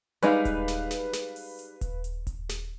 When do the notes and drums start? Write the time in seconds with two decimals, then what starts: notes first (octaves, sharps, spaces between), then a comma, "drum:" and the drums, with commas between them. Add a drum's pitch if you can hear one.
0.23 G3 G#3 D#4 B4 F5, drum: hi-hat
0.45 drum: kick D#1, hi-hat
0.68 drum: snare
0.91 drum: snare
1.13 drum: snare
1.36 drum: open hi-hat
1.59 drum: hi-hat
1.81 drum: kick D#1, hi-hat
2.04 drum: hi-hat
2.27 drum: kick D#1, hi-hat
2.49 drum: snare